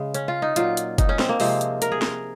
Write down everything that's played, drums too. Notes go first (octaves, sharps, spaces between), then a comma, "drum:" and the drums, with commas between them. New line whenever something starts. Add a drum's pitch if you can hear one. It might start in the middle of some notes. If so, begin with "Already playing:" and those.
Already playing: C#3 G#3
C#4, drum: hi-hat
F4
D#4
A#2 F#3 F4, drum: hi-hat
drum: hi-hat
D#4, drum: kick, hi-hat
C#4
C4, drum: snare
A#3
C3 F3 G#3 C4, drum: open hi-hat
drum: hi-hat
A#4, drum: hi-hat
G#4
A#4, drum: snare